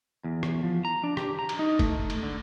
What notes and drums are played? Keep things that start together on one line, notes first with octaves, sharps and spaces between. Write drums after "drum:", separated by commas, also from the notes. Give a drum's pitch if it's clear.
E2
drum: rim click
F3
A#5
D4
G4, drum: rim click
A#5
drum: cymbal
D#4
A3, drum: kick, cymbal
drum: cymbal
D3